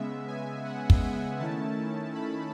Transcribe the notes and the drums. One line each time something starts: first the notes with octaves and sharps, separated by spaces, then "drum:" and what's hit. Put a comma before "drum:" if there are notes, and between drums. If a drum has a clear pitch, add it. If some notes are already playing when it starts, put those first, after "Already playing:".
Already playing: C#3 G#3 B3 E5
G#5
F#5
drum: kick
G#5
D#3 A3 C#4 E4 A5
B5